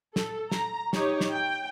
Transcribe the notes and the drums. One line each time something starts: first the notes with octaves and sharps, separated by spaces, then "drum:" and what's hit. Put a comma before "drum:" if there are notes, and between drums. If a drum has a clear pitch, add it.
A4, drum: snare
A#5, drum: snare
D#4 G4 C#5, drum: snare
drum: snare
G5